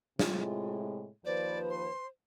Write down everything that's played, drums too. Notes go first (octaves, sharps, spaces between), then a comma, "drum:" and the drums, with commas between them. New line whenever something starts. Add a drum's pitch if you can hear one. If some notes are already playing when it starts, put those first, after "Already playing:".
A2 C3 G#3 F4, drum: snare
D#2 F3 B4 C5 D5
C6